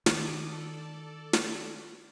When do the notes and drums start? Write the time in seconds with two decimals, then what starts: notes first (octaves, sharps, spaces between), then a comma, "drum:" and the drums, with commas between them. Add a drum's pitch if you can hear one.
0.06 D#3 D6 D#6, drum: snare
0.52 A4 D5
1.33 drum: snare